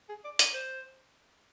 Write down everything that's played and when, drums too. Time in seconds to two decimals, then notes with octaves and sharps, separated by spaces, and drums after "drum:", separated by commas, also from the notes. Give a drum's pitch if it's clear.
0.09 G#4
0.24 D5
0.39 D5, drum: hi-hat
0.54 C5